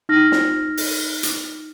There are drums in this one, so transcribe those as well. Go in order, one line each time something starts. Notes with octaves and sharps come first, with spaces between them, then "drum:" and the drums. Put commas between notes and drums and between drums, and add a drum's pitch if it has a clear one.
D#4 F6 A#6
drum: snare
drum: open hi-hat
drum: hi-hat